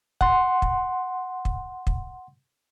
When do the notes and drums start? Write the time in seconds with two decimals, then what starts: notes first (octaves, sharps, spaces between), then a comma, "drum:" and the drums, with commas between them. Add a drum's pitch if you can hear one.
0.21 F#5 C6, drum: kick
0.62 drum: kick
1.45 drum: kick
1.87 drum: kick